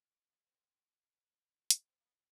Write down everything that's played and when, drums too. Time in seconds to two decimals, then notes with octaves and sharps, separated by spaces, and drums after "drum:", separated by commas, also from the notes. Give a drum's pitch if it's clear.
0.12 A#3
0.30 B3
0.47 C4
1.70 C4, drum: hi-hat
1.88 C4
2.01 A#3
2.05 B3